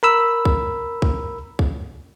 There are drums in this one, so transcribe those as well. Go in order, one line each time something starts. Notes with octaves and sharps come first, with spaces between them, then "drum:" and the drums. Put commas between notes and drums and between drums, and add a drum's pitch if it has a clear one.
A#4 B5 E6
drum: kick
drum: kick
drum: kick